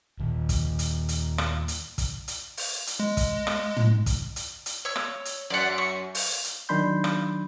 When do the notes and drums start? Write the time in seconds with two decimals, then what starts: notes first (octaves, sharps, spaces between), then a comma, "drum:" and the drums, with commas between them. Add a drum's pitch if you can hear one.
0.19 D#2 A#2
0.49 drum: kick, hi-hat
0.79 drum: hi-hat
1.09 drum: hi-hat
1.38 drum: rim click
1.68 drum: hi-hat
1.98 drum: kick, hi-hat
2.28 drum: hi-hat
2.57 drum: open hi-hat
2.87 drum: hi-hat
3.00 G#3
3.17 drum: kick, hi-hat
3.47 drum: rim click
3.76 drum: tom
4.06 drum: kick, hi-hat
4.36 drum: hi-hat
4.66 drum: hi-hat
4.85 C#5 E6
4.96 drum: rim click
5.25 drum: hi-hat
5.50 F#2 D5 F#5
5.78 C#6
6.15 drum: open hi-hat
6.44 drum: hi-hat
6.69 D#3 F#3 D4 B5 C6 G6
7.04 drum: rim click